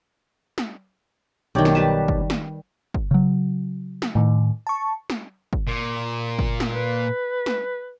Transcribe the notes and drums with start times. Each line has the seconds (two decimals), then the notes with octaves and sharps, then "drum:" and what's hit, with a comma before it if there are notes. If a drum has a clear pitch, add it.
0.58 drum: snare
1.55 B1 D#3 G4 C#5 D5
1.65 drum: snare
1.75 G3 B4 A5
2.08 drum: kick
2.30 drum: snare
2.94 drum: kick
3.11 C#3 F#3
4.02 drum: snare
4.15 A2 D#3
4.67 A5 C#6
5.10 drum: snare
5.53 drum: kick
5.68 A#2
6.39 drum: kick
6.60 drum: snare
6.73 B4
7.46 drum: snare